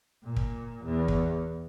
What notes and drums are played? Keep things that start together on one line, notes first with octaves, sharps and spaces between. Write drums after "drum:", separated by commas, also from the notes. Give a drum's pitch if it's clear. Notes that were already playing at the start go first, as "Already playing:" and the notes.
A#2
drum: kick
E2
drum: kick